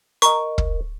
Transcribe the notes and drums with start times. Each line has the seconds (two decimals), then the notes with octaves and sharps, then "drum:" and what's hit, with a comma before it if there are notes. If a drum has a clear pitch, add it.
0.22 A#4 D#5 C#6, drum: hi-hat
0.58 drum: kick